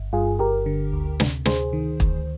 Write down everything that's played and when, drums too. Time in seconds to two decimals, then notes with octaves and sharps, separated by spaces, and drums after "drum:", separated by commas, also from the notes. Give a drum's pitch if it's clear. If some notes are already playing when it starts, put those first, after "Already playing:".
Already playing: G1
0.13 G2 F4 G#4
0.39 G1 G4 A#4
0.66 D3
0.93 D2
1.20 C3, drum: snare
1.45 D2 G#4 C5, drum: snare
1.73 D#3
2.00 D2, drum: kick